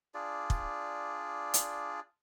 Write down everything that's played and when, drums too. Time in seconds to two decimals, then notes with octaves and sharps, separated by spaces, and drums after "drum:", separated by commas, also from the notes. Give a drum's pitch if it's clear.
0.14 D4 F4 G#4 D5
0.50 drum: kick
1.54 drum: hi-hat